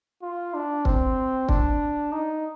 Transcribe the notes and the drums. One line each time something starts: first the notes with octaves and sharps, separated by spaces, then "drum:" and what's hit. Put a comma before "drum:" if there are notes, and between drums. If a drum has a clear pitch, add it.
F4
D4
C4, drum: kick
D4, drum: kick
D#4